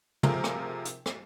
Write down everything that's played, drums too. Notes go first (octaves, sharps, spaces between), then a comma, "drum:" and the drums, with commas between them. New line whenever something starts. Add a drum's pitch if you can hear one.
C3 F3 A3 F4 G#4 A#4, drum: tom
drum: rim click
drum: hi-hat
drum: rim click